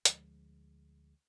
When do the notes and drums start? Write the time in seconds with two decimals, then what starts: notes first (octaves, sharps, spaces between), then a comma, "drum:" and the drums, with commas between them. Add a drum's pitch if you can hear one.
0.05 D2 F3 G#3, drum: hi-hat